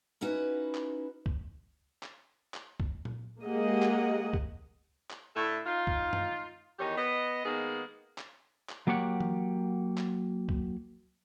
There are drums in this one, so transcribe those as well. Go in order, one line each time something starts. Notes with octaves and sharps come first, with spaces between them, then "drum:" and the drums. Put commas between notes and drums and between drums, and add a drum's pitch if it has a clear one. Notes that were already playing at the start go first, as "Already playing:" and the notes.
C#4 D#4 E4 F#4 B4
drum: clap
drum: kick
drum: clap
drum: clap
drum: kick
drum: tom A#2
G#3 A#3 G4 G#4 D#5 F#5
drum: clap
drum: kick
drum: clap
A2 D3 A3 A4 E5
D#4 F4
drum: kick
drum: tom
E2 D#3 D#4 G4 C#5
B3 D#5
D#3 G#3 A#3 B3 G#4
drum: clap
drum: clap
F#3 A#3 G4 C#5 F#5
drum: tom E3
drum: clap
drum: kick